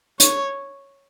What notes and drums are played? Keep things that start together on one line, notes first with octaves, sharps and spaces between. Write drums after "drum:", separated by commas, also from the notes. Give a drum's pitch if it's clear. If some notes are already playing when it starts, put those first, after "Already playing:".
C#5, drum: hi-hat